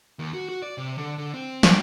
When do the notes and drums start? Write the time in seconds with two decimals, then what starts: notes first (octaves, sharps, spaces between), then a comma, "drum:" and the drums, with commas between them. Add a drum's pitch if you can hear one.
0.19 D#2
0.34 F#4
0.49 F#4
0.62 D5
0.78 C3
0.98 D3
1.18 D3
1.34 C4
1.63 G4, drum: snare